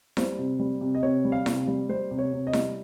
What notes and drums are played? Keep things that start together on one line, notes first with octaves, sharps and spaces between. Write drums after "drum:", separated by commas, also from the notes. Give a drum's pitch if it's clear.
G3 C5, drum: snare E4
C3
G3
C3
D#5
C3 C#5
G3
F5
C3, drum: snare E4
G3
G3 C5
C3
C#5
C3
D#5
G3, drum: snare E4